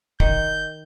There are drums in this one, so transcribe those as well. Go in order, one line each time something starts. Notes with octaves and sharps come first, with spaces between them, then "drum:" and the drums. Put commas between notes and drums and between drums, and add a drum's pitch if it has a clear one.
D#3 G6, drum: kick